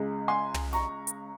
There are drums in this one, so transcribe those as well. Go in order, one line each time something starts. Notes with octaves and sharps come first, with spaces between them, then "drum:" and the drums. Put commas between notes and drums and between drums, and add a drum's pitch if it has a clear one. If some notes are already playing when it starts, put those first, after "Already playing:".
Already playing: C#2 C#3 G#3
G#5 C6
drum: tom
A#5 C#6, drum: snare
drum: hi-hat